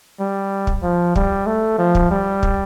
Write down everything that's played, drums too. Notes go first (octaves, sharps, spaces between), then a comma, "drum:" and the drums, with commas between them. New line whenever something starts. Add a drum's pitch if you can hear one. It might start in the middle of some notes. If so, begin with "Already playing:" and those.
G3
drum: kick
F3
G3, drum: kick
A3
F3
drum: kick
G3
drum: kick